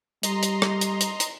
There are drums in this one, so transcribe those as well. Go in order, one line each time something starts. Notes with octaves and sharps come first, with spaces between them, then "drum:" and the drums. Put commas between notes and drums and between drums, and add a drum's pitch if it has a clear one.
G3 D#5 A#5 C6, drum: hi-hat
drum: hi-hat
drum: rim click
drum: hi-hat
drum: hi-hat
drum: hi-hat